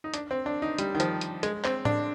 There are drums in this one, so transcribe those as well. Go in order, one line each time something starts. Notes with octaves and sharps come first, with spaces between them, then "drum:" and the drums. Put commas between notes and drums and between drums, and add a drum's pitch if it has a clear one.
D#4
D4, drum: hi-hat
C4
D4
D#4
G3, drum: hi-hat
D#3
F3, drum: hi-hat
drum: hi-hat
G#3, drum: hi-hat
C4, drum: clap
D4, drum: tom A2